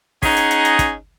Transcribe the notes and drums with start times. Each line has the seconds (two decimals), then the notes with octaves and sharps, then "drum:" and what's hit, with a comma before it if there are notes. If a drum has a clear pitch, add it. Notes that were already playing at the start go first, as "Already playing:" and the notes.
0.22 C#4 D#4 G#4 D#5 F#5 A#5, drum: kick, open hi-hat
0.37 drum: hi-hat
0.51 drum: hi-hat
0.65 drum: hi-hat
0.79 drum: kick, hi-hat